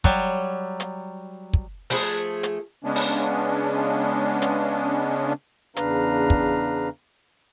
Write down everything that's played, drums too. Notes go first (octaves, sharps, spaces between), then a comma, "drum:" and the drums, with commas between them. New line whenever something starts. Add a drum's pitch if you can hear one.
F#3 G3, drum: kick
drum: hi-hat
drum: kick
F3 A3 G#4, drum: open hi-hat
drum: hi-hat
C#3 G#3 B3 C#4 D4
drum: open hi-hat
drum: hi-hat
E2 C#3 D4 B4 F5 A#5, drum: hi-hat
drum: kick